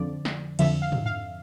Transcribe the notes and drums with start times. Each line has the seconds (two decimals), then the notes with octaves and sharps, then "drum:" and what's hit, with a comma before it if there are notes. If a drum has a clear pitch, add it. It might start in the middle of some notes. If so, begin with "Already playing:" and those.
Already playing: F2 D3 F3 D5
0.25 drum: snare
0.59 F2 D3 F3 E5, drum: cymbal
0.82 F5
0.92 drum: tom
1.06 F5